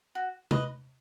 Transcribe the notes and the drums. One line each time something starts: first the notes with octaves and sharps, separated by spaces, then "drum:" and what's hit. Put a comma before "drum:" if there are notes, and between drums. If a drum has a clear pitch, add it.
F#4
B4 D#5, drum: tom